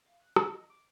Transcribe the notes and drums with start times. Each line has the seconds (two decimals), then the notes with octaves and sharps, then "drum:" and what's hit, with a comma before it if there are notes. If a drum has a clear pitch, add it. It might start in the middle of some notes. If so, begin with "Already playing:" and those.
0.06 F5
0.20 F#6
0.36 A5, drum: rim click
0.53 D#5
0.70 D6